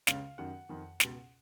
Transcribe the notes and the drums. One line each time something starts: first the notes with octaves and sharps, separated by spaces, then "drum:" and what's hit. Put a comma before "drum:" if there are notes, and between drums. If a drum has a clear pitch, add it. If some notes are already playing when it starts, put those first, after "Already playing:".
C#2 C#3 F5, drum: snare
F#2 D#3 F#5
F2 D#3
C#2 B2, drum: snare